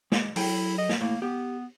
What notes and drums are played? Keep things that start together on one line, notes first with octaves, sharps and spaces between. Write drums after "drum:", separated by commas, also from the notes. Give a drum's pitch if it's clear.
G#3, drum: snare
F#3 E4 A4 G5, drum: open hi-hat
D#5
drum: snare
A2 A#3
B3 G4